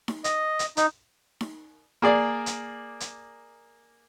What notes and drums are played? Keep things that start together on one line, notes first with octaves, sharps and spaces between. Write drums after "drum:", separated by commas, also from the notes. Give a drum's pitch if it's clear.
drum: snare D#4
D#5, drum: hi-hat
drum: hi-hat
D#4, drum: hi-hat
drum: snare D#4
A#3 G#4 D5
drum: hi-hat
drum: hi-hat